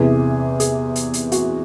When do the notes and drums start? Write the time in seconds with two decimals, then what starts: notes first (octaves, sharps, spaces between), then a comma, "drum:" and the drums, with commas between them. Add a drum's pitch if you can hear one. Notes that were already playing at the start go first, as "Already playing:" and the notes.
Already playing: E2 C3 E3 G#4
0.60 G#4, drum: hi-hat
0.96 drum: hi-hat
1.14 drum: hi-hat
1.32 F#4, drum: hi-hat